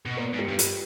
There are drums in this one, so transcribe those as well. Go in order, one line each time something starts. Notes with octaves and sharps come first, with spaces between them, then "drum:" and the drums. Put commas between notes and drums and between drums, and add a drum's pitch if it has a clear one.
B2
A#2 B3
G#2
G4
G2
G4, drum: hi-hat